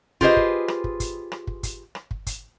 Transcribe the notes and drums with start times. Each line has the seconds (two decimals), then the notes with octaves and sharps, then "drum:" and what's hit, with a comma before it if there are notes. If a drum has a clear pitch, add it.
0.21 F4 G4 G#4 B4 C5 D#5, drum: kick
0.37 drum: kick
0.68 drum: rim click
0.84 drum: kick
1.00 drum: kick, hi-hat
1.32 drum: rim click
1.47 drum: kick
1.63 drum: kick, hi-hat
1.95 drum: rim click
2.11 drum: kick
2.27 drum: kick, hi-hat